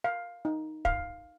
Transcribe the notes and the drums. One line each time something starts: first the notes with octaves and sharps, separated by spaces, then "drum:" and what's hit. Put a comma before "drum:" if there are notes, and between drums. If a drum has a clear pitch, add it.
F5
D#4
F5, drum: kick